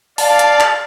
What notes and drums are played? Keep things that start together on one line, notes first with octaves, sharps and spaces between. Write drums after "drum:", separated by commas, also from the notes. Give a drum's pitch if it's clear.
D5 F5 A5, drum: open hi-hat
drum: hi-hat
drum: clap